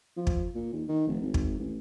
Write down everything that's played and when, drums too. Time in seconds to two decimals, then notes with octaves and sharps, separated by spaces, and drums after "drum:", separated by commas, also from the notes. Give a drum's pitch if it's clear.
0.17 F3
0.27 drum: kick
0.55 A#2
0.73 D#2
0.88 D#3
1.07 F1
1.22 G#1
1.34 drum: kick
1.59 A1